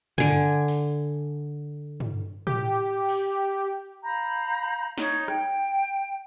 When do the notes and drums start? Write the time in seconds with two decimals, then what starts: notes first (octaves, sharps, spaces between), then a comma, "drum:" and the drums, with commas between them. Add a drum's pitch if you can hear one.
0.18 D3 G#5, drum: tom
0.68 drum: open hi-hat
2.00 drum: tom
2.47 G4, drum: tom
3.09 drum: cymbal
4.04 F5 A#5 B5 G6
4.98 D#4 C#5, drum: snare
5.28 G5, drum: rim click